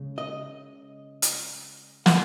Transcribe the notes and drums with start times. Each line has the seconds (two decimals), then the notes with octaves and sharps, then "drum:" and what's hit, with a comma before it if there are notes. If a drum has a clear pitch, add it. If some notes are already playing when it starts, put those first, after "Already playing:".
Already playing: C#3 G#3
0.18 D#5
1.22 drum: hi-hat
2.06 F#5, drum: snare